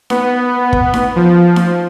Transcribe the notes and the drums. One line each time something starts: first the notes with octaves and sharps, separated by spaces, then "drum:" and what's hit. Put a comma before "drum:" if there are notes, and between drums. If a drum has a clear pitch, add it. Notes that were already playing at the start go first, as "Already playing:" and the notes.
B3, drum: snare D#4
drum: kick
drum: snare D#4
F3
drum: snare D#4